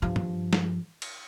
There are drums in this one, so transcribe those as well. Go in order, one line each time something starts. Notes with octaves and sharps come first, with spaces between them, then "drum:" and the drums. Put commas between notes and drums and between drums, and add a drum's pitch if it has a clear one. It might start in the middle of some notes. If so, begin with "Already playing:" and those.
G2 F3
drum: tom G2
drum: snare
drum: cymbal